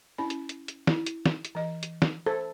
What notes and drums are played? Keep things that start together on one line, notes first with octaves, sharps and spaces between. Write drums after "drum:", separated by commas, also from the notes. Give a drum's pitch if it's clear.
C#4 E4 B5
drum: hi-hat
drum: hi-hat
drum: hi-hat
E4, drum: snare
drum: hi-hat
drum: snare
drum: hi-hat
E3 D#5
drum: hi-hat
drum: snare
A4 C5